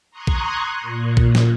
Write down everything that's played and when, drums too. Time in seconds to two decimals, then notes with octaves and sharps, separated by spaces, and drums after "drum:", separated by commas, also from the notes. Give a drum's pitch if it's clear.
0.11 A#5 C6 C#6 D#6 F#6 G#6
0.27 drum: kick A#1
0.81 A#2
1.17 drum: kick A#1
1.35 drum: snare